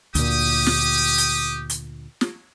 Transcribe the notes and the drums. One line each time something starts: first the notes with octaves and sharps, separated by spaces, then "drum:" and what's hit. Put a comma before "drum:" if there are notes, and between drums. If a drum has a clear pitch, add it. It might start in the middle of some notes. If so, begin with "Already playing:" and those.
D2 A#2 G4 D#6, drum: hi-hat
drum: snare
drum: hi-hat
drum: hi-hat
drum: snare